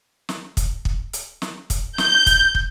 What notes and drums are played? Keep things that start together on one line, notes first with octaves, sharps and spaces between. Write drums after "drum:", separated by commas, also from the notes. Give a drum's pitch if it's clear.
drum: snare
drum: kick, hi-hat
drum: kick
drum: hi-hat
drum: snare
drum: kick, hi-hat
G6, drum: snare
drum: kick, hi-hat
drum: kick